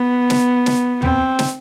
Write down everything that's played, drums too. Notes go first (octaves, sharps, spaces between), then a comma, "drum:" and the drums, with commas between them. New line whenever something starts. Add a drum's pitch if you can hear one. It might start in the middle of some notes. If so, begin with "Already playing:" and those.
Already playing: B3
drum: snare
drum: snare
C4, drum: tom
drum: snare